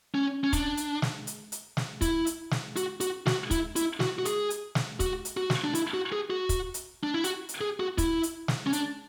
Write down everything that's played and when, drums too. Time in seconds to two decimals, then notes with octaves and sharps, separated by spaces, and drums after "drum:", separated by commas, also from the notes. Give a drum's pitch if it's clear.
0.15 C#4
0.44 C#4
0.53 D4, drum: kick, hi-hat
0.77 drum: hi-hat
1.02 drum: snare
1.27 drum: hi-hat
1.52 drum: hi-hat
1.77 drum: snare
2.01 E4, drum: kick, hi-hat
2.27 drum: hi-hat
2.51 drum: snare
2.76 F#4, drum: hi-hat
3.01 F#4, drum: hi-hat
3.26 F#4, drum: snare
3.51 E4, drum: kick, hi-hat
3.76 E4, drum: hi-hat
4.00 F#4, drum: snare
4.19 F#4
4.25 G#4, drum: hi-hat
4.50 drum: hi-hat
4.75 drum: snare
5.00 F#4, drum: kick, hi-hat
5.25 drum: hi-hat
5.37 F#4
5.50 drum: snare
5.64 D4
5.75 E4, drum: hi-hat
5.94 F#4
6.12 G#4
6.30 F#4
6.49 drum: kick, hi-hat
6.74 drum: hi-hat
7.03 D4
7.14 E4
7.24 F#4, drum: hi-hat
7.49 drum: hi-hat
7.61 G#4
7.80 F#4
7.98 E4, drum: kick, hi-hat
8.23 drum: hi-hat
8.48 drum: snare
8.67 C#4
8.73 D4, drum: hi-hat